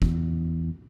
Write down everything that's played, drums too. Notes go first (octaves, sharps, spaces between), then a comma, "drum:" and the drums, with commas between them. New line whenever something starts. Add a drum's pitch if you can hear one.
E2, drum: kick